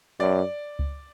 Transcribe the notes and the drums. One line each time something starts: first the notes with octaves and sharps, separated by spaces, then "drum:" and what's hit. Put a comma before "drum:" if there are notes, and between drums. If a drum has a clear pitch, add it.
F#2 D5
drum: kick C#2